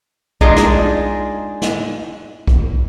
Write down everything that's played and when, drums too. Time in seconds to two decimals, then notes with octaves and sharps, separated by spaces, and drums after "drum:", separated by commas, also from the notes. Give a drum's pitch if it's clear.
0.41 G#3 D4 D#4 F4 G#4 D#5, drum: kick B1
0.56 drum: snare
1.62 drum: snare
2.47 drum: kick B1